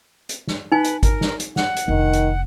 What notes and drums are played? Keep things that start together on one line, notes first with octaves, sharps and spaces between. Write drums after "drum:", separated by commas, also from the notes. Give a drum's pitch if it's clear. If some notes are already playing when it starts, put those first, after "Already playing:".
drum: hi-hat
drum: snare
D#4 B4 G#5
drum: hi-hat
A#4, drum: kick G#1, hi-hat
drum: snare
drum: hi-hat
F#5, drum: snare
drum: hi-hat
F1 D#3 D4
drum: hi-hat